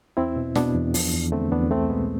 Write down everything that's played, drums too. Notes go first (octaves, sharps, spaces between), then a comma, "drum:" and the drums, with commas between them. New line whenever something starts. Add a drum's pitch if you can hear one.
E2 C4 E4
B2
B2 B3 D4, drum: snare
E2
F3, drum: open hi-hat
E2
D3 A3 C4
E2 B3 D4
C2 A3 C4
B2 G#3 B3